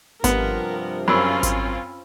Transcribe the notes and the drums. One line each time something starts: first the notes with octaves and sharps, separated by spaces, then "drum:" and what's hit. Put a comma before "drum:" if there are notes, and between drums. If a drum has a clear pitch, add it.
G2 C3 F3 B3 A#4, drum: kick G#1, hi-hat
F#2 C4 C#4 F4 B5 E6
drum: kick G#1, hi-hat